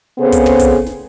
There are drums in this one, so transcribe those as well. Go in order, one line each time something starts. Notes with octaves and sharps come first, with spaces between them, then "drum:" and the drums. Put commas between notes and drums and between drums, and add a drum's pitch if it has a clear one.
C#3 B3 C4 G#4 A4 C5
drum: kick, hi-hat
drum: tom
drum: kick, hi-hat
drum: snare